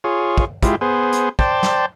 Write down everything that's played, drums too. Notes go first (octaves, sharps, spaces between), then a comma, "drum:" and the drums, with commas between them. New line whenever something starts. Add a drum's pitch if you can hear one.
F4 G#4 C#5
drum: kick
G#3 E4 F4 G4, drum: kick, hi-hat
B3 G#4 C5
drum: hi-hat
C5 D5 G5 A5, drum: kick
drum: snare